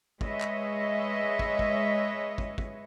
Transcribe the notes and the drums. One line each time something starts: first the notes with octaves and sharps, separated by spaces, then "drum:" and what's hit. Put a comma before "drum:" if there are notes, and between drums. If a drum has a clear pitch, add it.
G#3 B4 C#5 D#5 E5, drum: kick
drum: clap
drum: kick
drum: kick
drum: kick
drum: kick